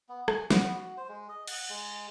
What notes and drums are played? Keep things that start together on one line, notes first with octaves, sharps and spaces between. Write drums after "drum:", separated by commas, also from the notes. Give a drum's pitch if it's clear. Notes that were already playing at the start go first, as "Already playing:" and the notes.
B3
G#5, drum: rim click
B3, drum: snare
F#4
C5
G#3
D#5
F#5, drum: cymbal
G#3